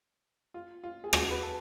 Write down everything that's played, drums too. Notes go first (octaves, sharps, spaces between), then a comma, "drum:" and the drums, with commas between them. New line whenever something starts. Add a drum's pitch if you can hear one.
F4
F4
G#4
F#4, drum: rim click
B4
A4